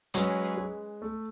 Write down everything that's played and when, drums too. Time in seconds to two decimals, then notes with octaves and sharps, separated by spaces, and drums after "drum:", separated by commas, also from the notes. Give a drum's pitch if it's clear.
0.14 F#3 G#3 C#4 G#4 B4, drum: hi-hat
0.57 G#3
1.02 A3